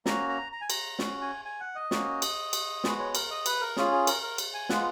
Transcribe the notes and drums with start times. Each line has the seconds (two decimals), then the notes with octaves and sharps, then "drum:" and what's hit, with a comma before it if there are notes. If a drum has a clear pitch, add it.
0.06 A#3 C#4 F#4 A#5, drum: snare
0.29 A#5
0.52 A#5
0.61 G#5
0.70 A#5, drum: cymbal
0.99 C#4 F#4, drum: snare
1.21 G#5
1.45 G#5
1.60 F#5
1.75 D#5
1.91 A#3 C#4 F#4, drum: snare
2.22 drum: cymbal
2.53 drum: cymbal
2.84 G#3 B3 F#4, drum: snare
3.00 C#5
3.15 A#4, drum: cymbal
3.30 D#5
3.46 B4, drum: cymbal
3.61 A#4
3.77 C#4 F4 G#4, drum: snare
3.92 G#4
4.07 A#4, drum: cymbal
4.23 A#4
4.38 drum: cymbal
4.54 G#5
4.69 G#3 B3 F4 F#5, drum: snare